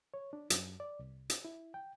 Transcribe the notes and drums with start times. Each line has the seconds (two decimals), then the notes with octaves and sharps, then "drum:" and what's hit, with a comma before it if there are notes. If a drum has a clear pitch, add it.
0.14 C#5
0.33 D4
0.50 F#2, drum: hi-hat
0.80 D5
0.99 C2
1.30 drum: hi-hat
1.45 E4
1.74 G5